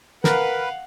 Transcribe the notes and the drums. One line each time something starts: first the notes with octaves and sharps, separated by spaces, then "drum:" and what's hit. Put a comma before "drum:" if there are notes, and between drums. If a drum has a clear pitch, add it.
A#4 B4 F5 F#5, drum: snare